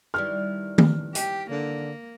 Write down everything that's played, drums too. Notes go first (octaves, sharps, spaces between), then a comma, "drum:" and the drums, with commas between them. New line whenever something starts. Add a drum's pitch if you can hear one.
D#3 E3 G3 F6
drum: tom D#3
G4, drum: hi-hat
D3 A#3